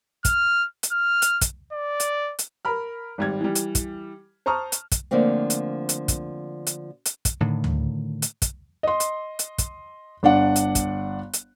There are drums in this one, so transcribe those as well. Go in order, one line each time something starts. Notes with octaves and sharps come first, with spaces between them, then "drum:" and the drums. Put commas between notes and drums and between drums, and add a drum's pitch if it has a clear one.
F6, drum: kick, hi-hat
drum: hi-hat
F6
drum: hi-hat
drum: kick, hi-hat
D5
drum: hi-hat
drum: hi-hat
A#4 B5 F6
G#1 G3 G#6
E3 G3
drum: hi-hat
drum: kick, hi-hat
C5 A5 A#5 C#6 D#6 F6
drum: hi-hat
drum: kick, hi-hat
D3 F3 A3 A#3 C4
drum: hi-hat
drum: hi-hat
drum: kick, hi-hat
drum: hi-hat
drum: hi-hat
drum: kick, hi-hat
A2 D3 D#3
drum: tom D2
drum: hi-hat
drum: kick, hi-hat
D#5 C6
drum: hi-hat
drum: hi-hat
drum: kick, hi-hat
G1 D4 D5 F#5
drum: hi-hat
drum: kick, hi-hat
drum: hi-hat